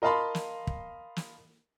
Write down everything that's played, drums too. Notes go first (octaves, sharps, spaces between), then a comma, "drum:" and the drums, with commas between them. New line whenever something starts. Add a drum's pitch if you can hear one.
A#4 D#5 F5 A5 B5 C6
drum: snare
drum: kick
drum: snare